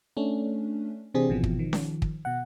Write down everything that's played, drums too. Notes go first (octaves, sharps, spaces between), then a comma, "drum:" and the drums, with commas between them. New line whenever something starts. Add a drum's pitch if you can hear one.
A3 C#4 D4
C3 E3 C4 D4 G4 G#4
G#1 B2 E3 F3
drum: kick
D#3 F3
drum: snare C#4
drum: kick
B2 F#5